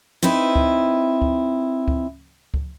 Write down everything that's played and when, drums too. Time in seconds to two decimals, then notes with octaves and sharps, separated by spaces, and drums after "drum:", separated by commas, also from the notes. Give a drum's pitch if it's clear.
0.23 C4 D#4 E4 B4
0.56 drum: kick C#2
1.22 drum: kick C#2
1.88 drum: kick C#2
2.54 drum: kick C#2